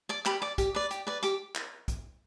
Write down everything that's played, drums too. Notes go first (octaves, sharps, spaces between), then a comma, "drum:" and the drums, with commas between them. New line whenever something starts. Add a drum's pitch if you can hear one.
D5 D6
G4 B5, drum: clap
D5 D6
G4, drum: kick, hi-hat
B4 D5
G4, drum: hi-hat
B4 D5
G4 D6, drum: hi-hat
drum: clap
drum: kick, hi-hat